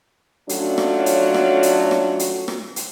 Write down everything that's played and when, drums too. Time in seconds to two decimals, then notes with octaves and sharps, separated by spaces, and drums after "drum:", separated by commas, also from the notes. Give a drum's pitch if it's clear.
0.49 F#3 A3 C#4 D4 F4 F#4, drum: hi-hat
0.78 drum: rim click
1.06 drum: hi-hat
1.34 drum: rim click
1.63 drum: hi-hat
1.91 drum: rim click
2.19 drum: hi-hat
2.48 drum: rim click
2.76 drum: hi-hat